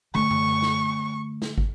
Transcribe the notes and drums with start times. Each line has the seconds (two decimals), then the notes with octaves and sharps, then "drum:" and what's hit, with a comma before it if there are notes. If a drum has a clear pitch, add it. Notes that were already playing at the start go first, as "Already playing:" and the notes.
0.15 D3 A3 C#6
0.31 drum: tom F#2
0.62 drum: snare
1.42 drum: snare
1.58 drum: kick